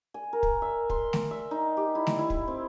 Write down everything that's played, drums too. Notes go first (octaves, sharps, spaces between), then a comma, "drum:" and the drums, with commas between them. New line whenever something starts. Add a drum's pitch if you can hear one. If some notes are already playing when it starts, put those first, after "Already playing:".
G#5
A#4
drum: kick
E5
C6, drum: kick
drum: snare A3
E5
D#4
G4
E4
drum: snare A3
E4
drum: kick
C4